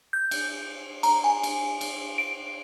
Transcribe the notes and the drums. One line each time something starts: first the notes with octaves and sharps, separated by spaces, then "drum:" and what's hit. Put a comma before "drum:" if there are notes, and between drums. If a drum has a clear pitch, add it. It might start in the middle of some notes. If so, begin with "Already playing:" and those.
G6
drum: cymbal
A#5, drum: cymbal
G#5
drum: cymbal
drum: cymbal
D7